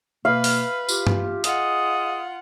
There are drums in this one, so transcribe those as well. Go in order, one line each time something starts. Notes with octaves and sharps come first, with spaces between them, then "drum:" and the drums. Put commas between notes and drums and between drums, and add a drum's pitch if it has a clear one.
B2 A#3 B4 F5
drum: open hi-hat
F4 G4, drum: tambourine
drum: tom G2
F4 G#4 D#5 F#5 D#6, drum: hi-hat